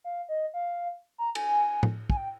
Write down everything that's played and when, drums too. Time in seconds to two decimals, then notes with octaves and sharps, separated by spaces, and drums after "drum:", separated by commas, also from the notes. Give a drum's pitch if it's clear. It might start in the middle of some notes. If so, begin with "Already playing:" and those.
0.04 F5
0.29 D#5
0.54 F5
1.18 A#5
1.35 G#5, drum: cymbal
1.83 drum: tom A2
2.10 G#5, drum: kick
2.17 G5